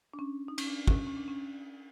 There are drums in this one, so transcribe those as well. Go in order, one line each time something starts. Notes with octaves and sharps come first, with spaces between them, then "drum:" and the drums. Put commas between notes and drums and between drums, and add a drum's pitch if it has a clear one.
D4
C#4
D#4
C#4, drum: cymbal
D4
C#4, drum: kick
C#4
D4
C#4